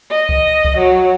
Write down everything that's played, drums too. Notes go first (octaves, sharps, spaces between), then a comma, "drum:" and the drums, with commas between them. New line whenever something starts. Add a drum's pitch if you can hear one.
D#5
drum: kick C2
drum: kick C2
F#3